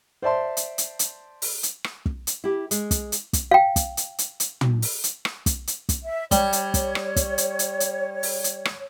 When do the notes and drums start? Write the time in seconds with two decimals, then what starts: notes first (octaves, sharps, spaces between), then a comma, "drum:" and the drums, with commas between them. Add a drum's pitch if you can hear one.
0.22 C5 D5 E5 A5 C6
0.57 drum: hi-hat
0.78 drum: hi-hat
0.99 drum: hi-hat
1.42 drum: open hi-hat
1.63 drum: hi-hat
1.84 drum: rim click
2.06 drum: kick
2.27 drum: hi-hat
2.44 E4 G4
2.71 G#3, drum: hi-hat
2.91 drum: kick, hi-hat
3.12 drum: hi-hat
3.33 drum: kick, hi-hat
3.51 F5 G5
3.76 drum: kick, hi-hat
3.97 drum: hi-hat
4.18 drum: hi-hat
4.40 drum: hi-hat
4.61 drum: tom
4.82 drum: open hi-hat
5.04 drum: hi-hat
5.25 drum: rim click
5.46 drum: kick, hi-hat
5.67 drum: hi-hat
5.89 drum: kick, hi-hat
6.04 E5
6.31 G3 C#5, drum: kick, hi-hat
6.53 drum: hi-hat
6.74 drum: kick, hi-hat
6.95 drum: rim click
7.16 drum: kick, hi-hat
7.38 drum: hi-hat
7.59 drum: hi-hat
7.80 drum: hi-hat
8.23 drum: open hi-hat
8.44 drum: hi-hat
8.65 drum: rim click